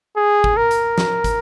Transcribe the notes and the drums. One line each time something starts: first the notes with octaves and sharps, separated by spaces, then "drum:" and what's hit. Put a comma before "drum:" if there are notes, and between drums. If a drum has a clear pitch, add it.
G#4
drum: kick
A#4
drum: hi-hat
drum: snare
drum: kick, hi-hat